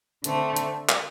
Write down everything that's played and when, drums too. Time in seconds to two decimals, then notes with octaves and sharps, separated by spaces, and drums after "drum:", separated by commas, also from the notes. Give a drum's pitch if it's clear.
0.24 D3 A3 C4, drum: hi-hat
0.56 drum: hi-hat
0.89 drum: clap